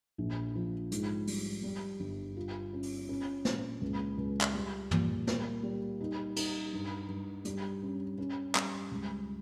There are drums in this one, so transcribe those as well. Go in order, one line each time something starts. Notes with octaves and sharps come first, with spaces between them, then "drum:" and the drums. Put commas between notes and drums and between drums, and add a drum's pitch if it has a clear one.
A#1
F3
G#2, drum: hi-hat
G3, drum: open hi-hat
G3
G1
F4
C#4
drum: open hi-hat
C#4
A#2, drum: snare
C#2
C#2
drum: clap
G3
A#2, drum: tom G2
A#3, drum: snare
G3
D#4
D#4, drum: cymbal
G2
G2
G3, drum: hi-hat
C#4
C#4
G3, drum: clap
C#2